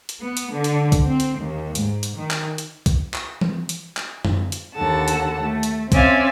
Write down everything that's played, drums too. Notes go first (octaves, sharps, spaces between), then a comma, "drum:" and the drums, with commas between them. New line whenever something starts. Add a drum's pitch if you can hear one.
drum: hi-hat
B3
drum: hi-hat
D3
drum: hi-hat
drum: kick, hi-hat
C4
drum: hi-hat
D#2
G#2, drum: hi-hat
drum: hi-hat
D#3
drum: clap
drum: hi-hat
drum: kick, hi-hat
drum: clap
drum: tom E3
drum: hi-hat
drum: clap
drum: tom F#2
drum: hi-hat
D#2 D3 A4 F#5 A5
drum: hi-hat
A3
drum: hi-hat
C4 C#4 D5 E5 F5 G#5, drum: kick, hi-hat